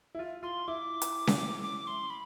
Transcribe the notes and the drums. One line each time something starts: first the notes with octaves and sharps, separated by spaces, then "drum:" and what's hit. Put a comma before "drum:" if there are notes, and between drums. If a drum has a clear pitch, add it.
E4
F4
F4 C6
E4 D6
drum: hi-hat
drum: snare C#4
D6
C6
B5